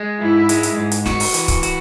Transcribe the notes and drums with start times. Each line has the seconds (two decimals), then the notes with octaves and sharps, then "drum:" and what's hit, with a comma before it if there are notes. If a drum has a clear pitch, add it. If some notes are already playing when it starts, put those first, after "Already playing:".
Already playing: G#3
0.21 G#2 E4
0.49 G#3, drum: hi-hat
0.63 drum: hi-hat
0.77 G#2
0.92 drum: hi-hat
1.06 F#4, drum: snare
1.20 drum: open hi-hat
1.34 E3, drum: hi-hat
1.48 drum: kick C#1, hi-hat
1.63 F#4, drum: hi-hat